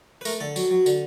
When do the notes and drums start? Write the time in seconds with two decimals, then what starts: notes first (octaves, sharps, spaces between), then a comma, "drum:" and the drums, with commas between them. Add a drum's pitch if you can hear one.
0.21 B4
0.25 A3 A#4, drum: tambourine
0.40 D3 A4
0.56 F#3, drum: tambourine
0.71 F#3
0.86 D3, drum: tambourine